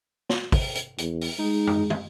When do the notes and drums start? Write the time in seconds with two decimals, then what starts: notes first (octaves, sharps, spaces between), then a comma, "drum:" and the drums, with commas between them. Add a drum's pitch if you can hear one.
0.29 drum: snare
0.52 drum: kick, open hi-hat
0.75 drum: hi-hat
0.98 E2, drum: hi-hat
1.21 drum: open hi-hat
1.39 G#3 D#4
1.67 drum: tom
1.90 drum: tom